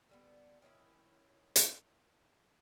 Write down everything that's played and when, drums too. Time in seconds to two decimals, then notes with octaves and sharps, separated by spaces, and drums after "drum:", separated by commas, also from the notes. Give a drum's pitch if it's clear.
0.09 D3 G3 B3
0.62 D#3 C#4 D#4 E4
1.56 drum: hi-hat